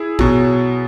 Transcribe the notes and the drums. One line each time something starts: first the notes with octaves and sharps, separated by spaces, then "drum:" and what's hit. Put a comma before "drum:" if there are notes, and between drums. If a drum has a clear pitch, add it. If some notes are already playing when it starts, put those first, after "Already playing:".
Already playing: E4 G#4
B2 F#3, drum: kick